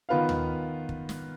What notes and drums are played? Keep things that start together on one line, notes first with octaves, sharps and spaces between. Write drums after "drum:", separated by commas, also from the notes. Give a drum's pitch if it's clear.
D#3 B3 F4 B4 F5
drum: tom D#2
drum: kick
drum: snare